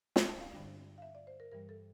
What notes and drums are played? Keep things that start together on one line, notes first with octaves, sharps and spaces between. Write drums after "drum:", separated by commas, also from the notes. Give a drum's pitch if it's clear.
E5, drum: snare
A5
F5
G2 D3 G3 D4
F5
E5
D5
C5
A#4
G2 E3 G3 A#4
A4